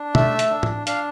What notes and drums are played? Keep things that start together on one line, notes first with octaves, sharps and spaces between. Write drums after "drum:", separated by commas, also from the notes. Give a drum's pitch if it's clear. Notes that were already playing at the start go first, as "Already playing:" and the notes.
Already playing: D4
A3 E5, drum: tom
drum: hi-hat
D4
drum: tom A2
D4 F5, drum: hi-hat